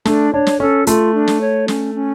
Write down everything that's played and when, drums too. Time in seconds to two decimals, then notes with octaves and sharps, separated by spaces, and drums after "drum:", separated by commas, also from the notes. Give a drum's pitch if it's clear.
0.05 A3 D4, drum: snare
0.33 D4 C#5
0.47 drum: snare
0.60 C#4 A4
0.87 A3 F4, drum: hi-hat
1.14 D4
1.28 drum: snare
1.41 C#5
1.68 C#4, drum: snare
1.95 C#4